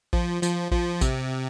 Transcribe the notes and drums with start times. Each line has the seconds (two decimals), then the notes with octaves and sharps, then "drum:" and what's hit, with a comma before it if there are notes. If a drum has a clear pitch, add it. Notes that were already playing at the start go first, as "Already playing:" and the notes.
0.13 F3, drum: kick A1
0.43 F3, drum: tambourine
0.71 F3, drum: kick A1
1.01 C3, drum: kick A1, tambourine